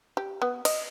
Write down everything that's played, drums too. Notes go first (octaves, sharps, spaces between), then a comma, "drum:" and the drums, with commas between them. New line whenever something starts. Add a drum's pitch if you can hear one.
G4
B3
D#5, drum: cymbal